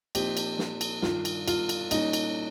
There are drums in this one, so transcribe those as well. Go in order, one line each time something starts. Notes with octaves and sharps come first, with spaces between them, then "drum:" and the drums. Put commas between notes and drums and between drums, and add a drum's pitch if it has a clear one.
A#2 F3 C4 D#4 G4, drum: cymbal
drum: cymbal
drum: snare
drum: cymbal
G2 D#3 G3 F4, drum: snare
drum: cymbal
F4, drum: cymbal
drum: cymbal
A#2 G3 C#4 D#4, drum: cymbal
drum: cymbal